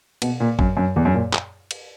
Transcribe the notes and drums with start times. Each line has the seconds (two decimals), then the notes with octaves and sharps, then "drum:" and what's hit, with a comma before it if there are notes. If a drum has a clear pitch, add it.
0.22 B2, drum: cymbal
0.40 A#2
0.59 F#2, drum: kick
0.77 F#2
0.96 E2
1.05 F#2
1.14 A#2
1.33 drum: clap
1.71 drum: cymbal